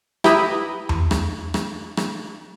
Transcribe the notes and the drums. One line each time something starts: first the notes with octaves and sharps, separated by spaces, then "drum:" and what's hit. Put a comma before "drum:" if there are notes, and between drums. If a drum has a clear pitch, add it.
E4 G4 B4 A#5 B5 D#6, drum: rim click
drum: tom E2
drum: rim click
drum: rim click
drum: rim click